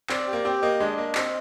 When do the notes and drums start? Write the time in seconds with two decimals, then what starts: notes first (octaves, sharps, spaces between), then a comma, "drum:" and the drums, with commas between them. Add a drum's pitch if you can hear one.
0.09 C4 D5, drum: clap
0.27 G4
0.33 A#3
0.45 C4 G4
0.62 A#3 D#5
0.80 G#3 D4
0.97 A#3 D#5
1.15 C4 D#5, drum: clap